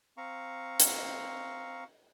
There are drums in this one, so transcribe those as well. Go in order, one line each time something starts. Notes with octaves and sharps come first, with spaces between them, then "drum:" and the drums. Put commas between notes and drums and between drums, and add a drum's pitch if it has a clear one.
C4 F5 A#5 C#6
drum: hi-hat